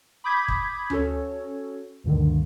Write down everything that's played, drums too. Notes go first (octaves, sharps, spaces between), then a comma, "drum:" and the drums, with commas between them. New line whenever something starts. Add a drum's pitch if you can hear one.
B5 D6 D#6 G6 G#6 B6
drum: kick
C#4 F#4 A4 C#5, drum: tom D2
D2 G2 B2 D3 D#3